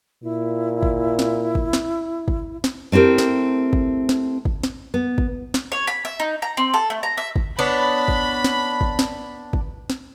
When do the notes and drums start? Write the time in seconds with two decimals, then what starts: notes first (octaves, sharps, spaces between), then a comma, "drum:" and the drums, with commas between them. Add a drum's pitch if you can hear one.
0.23 A#2 E4
0.83 drum: kick
1.19 drum: snare
1.55 drum: kick
1.73 drum: snare
2.28 drum: kick
2.64 drum: snare
2.92 A3 C4 E4 G4 A#4
3.18 drum: snare
3.73 drum: kick
4.09 drum: snare
4.45 drum: kick
4.63 drum: snare
4.94 B3
5.18 drum: kick
5.54 drum: snare
5.72 C#5
5.87 B5
6.05 E5
6.20 D#4
6.42 A#5
6.57 C4
6.74 A4
6.90 A3
7.03 A#5
7.17 E5
7.36 drum: kick
7.59 B3 D4 C#5 B5
8.08 drum: kick
8.44 drum: snare
8.81 drum: kick
8.99 drum: snare
9.53 drum: kick
9.90 drum: snare